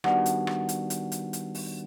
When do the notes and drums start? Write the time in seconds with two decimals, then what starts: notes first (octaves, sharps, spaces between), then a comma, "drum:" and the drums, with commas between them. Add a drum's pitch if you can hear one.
0.04 D#3 G3 B3 D4 F#4 F#5, drum: rim click
0.26 drum: hi-hat
0.47 drum: rim click
0.69 drum: hi-hat
0.90 drum: hi-hat
1.12 drum: hi-hat
1.33 drum: hi-hat
1.55 drum: open hi-hat